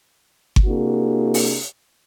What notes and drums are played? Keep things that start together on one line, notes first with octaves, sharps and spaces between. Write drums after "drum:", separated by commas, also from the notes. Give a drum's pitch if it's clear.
drum: kick G1
C3 A#3 D4 E4 F#4 G#4
drum: open hi-hat